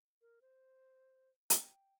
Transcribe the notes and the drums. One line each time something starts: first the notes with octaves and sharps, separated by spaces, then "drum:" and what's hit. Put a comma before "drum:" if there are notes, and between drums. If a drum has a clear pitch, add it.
A#4
C5
G5, drum: hi-hat